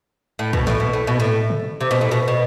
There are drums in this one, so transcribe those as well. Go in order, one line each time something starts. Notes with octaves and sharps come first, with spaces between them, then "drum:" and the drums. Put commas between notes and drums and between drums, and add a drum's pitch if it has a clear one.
A2
B2, drum: kick
A2, drum: snare
B2
A2
B2
A2
drum: tom C3
C3
B2
A2
B2
B2